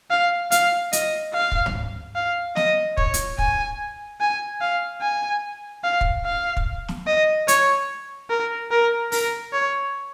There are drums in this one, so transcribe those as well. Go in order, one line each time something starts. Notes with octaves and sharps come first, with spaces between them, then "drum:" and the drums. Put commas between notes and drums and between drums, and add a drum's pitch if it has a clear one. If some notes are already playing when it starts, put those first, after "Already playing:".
F5
F5, drum: hi-hat
D#5, drum: hi-hat
F5
drum: kick
drum: tom
F5
D#5, drum: snare
C#5, drum: kick
drum: hi-hat
G#5, drum: kick
G#5
F5
G#5
F5
drum: kick
F5
drum: kick
drum: snare
D#5
C#5, drum: hi-hat
A#4
A#4
A#4, drum: open hi-hat
C#5